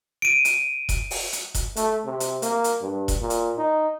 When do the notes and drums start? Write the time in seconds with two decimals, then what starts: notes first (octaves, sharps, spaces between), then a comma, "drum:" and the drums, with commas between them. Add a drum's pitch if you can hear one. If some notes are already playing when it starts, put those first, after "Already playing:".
0.22 D7 D#7
0.45 drum: hi-hat
0.89 drum: kick E1, hi-hat
1.11 drum: open hi-hat
1.33 drum: hi-hat
1.54 drum: kick E1, hi-hat
1.76 A3, drum: hi-hat
2.05 C3
2.20 drum: hi-hat
2.42 A#3, drum: hi-hat
2.64 drum: hi-hat
2.82 G2
3.08 drum: kick E1, hi-hat
3.21 A#2
3.30 drum: hi-hat
3.58 D#4